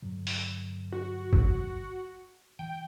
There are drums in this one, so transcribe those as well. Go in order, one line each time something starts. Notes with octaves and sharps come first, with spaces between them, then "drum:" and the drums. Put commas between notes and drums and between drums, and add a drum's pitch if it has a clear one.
G2 D3 F#3
drum: open hi-hat
F#4
drum: kick G1
E3 G5